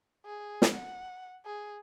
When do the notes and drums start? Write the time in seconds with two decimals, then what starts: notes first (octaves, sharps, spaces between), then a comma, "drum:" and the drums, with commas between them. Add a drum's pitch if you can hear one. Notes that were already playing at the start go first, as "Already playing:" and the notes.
0.26 G#4
0.62 drum: snare
0.75 F#5
1.46 G#4